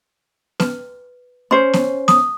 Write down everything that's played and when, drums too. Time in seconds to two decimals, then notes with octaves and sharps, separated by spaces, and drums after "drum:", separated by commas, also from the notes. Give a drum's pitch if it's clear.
0.60 B4, drum: snare B3
1.51 C#4 C5 C6
1.73 drum: snare B3
2.08 D#6, drum: snare B3